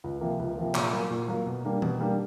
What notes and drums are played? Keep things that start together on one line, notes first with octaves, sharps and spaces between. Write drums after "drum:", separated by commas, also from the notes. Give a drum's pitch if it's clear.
C#2
C3 F3 A#3
C#2
C3 F3 A#3
A#2, drum: clap
F#3 A#3
A#2
F#3 A#3
B2
G3 A#3 D4
B2, drum: tom E3
G3 A#3 D4